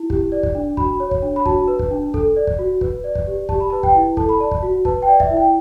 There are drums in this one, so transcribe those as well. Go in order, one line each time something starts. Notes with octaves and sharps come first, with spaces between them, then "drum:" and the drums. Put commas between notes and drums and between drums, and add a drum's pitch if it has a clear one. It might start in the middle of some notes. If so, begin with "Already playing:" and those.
Already playing: E4
G4, drum: kick
D5
drum: kick
D4
F#4 B5, drum: kick
C#5
drum: kick
D4
B5
F#4 A5, drum: kick
B4
drum: kick
D4
A4, drum: kick
D5
drum: kick
F#4
B4, drum: kick
D5
drum: kick
G4
G4 A5, drum: kick
B5
B4 A5
G5, drum: kick
E4
A4 A5, drum: kick
B5
D5 A5
drum: kick
F#4
B4 A5, drum: kick
G5
D5
E5, drum: kick
E4
G5